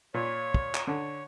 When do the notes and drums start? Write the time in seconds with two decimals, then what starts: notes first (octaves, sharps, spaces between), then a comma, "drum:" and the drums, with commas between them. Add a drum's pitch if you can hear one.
0.14 A#2 C#5
0.54 drum: kick
0.75 drum: clap
0.87 D3 C#5